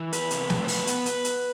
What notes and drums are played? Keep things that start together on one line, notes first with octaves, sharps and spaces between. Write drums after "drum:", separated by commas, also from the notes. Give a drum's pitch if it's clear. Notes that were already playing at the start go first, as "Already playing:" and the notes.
Already playing: E3
E2 B4, drum: hi-hat
C3, drum: hi-hat
A3, drum: snare
C5
B2 B4, drum: open hi-hat
B3, drum: hi-hat
drum: hi-hat
drum: hi-hat